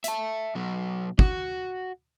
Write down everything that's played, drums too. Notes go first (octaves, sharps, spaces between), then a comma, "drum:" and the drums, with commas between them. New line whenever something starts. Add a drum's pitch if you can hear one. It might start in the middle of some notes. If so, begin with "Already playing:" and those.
E5 A5, drum: hi-hat
B2 F#3
F#4, drum: kick